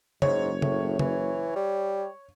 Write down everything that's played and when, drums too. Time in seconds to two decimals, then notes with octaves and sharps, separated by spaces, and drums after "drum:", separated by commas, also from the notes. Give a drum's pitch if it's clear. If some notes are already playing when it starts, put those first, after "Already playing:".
0.22 F#1 G#2 C#5, drum: tom
0.62 A2, drum: tom
0.99 E3, drum: tom
1.56 G3